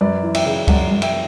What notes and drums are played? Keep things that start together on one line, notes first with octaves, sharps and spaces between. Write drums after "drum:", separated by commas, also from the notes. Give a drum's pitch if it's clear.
F#2 B4 D5
E3
E5 G5, drum: cymbal
C#3
F#2 D5 F#5, drum: kick C#2, cymbal
F#2
E5 G5, drum: cymbal